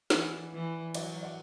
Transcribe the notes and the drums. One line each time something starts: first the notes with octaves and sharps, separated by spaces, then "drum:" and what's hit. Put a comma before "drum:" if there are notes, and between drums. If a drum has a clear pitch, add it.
E3 D5 F#5, drum: snare
E3
F#3 D5 F#5, drum: cymbal
D5 F#5